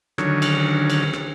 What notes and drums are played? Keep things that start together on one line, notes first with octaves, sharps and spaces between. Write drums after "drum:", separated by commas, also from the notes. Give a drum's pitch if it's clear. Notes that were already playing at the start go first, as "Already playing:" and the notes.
D3 D#3 F#3 C#4, drum: rim click
drum: cymbal
drum: cymbal
drum: rim click